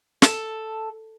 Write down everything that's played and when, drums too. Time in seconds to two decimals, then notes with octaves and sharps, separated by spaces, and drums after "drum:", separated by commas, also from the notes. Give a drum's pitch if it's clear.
0.22 A4, drum: snare